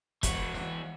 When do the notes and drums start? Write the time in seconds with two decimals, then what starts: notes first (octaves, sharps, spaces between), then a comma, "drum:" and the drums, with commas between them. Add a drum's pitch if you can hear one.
0.23 E3 F#4, drum: kick F1, hi-hat
0.54 drum: snare